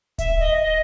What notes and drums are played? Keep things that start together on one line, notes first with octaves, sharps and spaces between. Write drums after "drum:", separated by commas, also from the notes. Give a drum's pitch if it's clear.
E5, drum: kick D1, hi-hat
D#5
D#5